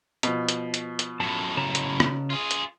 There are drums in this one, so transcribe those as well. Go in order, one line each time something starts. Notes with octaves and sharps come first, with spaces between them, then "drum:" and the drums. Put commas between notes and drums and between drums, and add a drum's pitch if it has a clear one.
B2 F3, drum: hi-hat
drum: hi-hat
drum: hi-hat
drum: hi-hat
F#2 A2 A5
C#3 A5 A#5
drum: hi-hat
drum: rim click
F4 G#4
drum: hi-hat